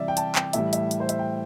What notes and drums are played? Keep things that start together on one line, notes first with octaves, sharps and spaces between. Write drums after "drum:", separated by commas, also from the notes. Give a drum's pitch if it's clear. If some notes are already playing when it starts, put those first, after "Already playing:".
Already playing: C3 E3 G3 D5 E5
G5
A5, drum: hi-hat
G5, drum: clap
A2 E3 G3 E5, drum: hi-hat
E5, drum: hi-hat
drum: hi-hat
C5
E5, drum: hi-hat
G5